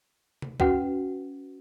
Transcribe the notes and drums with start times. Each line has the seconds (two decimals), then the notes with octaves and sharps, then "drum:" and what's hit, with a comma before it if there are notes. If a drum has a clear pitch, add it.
0.42 drum: tom C3
0.60 C#4 F#4 B4 F#5, drum: kick C2